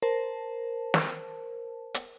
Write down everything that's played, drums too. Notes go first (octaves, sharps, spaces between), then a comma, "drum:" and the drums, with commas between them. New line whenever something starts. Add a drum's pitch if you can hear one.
A#4 C5 A5
drum: snare
drum: hi-hat